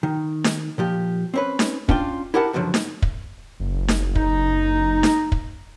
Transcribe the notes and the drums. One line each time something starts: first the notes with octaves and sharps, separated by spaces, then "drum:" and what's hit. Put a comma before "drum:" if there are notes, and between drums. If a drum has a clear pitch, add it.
D#3
drum: snare D#4
A#2 F3 G4
C4 C#4 B4
drum: snare D#4
C#4 D4 F4 G5, drum: kick
E4 G4 A#4 F#5 A5
C#2 F#2 D3 F3 F#3
drum: snare D#4
drum: kick
F#1
drum: snare D#4
D#4, drum: kick
drum: snare D#4
drum: kick